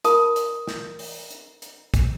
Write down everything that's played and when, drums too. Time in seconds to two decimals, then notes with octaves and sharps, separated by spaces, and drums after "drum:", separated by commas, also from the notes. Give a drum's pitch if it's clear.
0.04 F4 A#4 A5 D#6, drum: hi-hat
0.36 drum: hi-hat
0.68 drum: snare
0.99 drum: open hi-hat
1.31 drum: hi-hat
1.62 drum: hi-hat
1.94 drum: kick, hi-hat